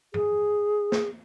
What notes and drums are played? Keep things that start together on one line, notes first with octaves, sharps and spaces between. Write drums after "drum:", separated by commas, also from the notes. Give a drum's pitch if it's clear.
G#4, drum: tom G2
drum: snare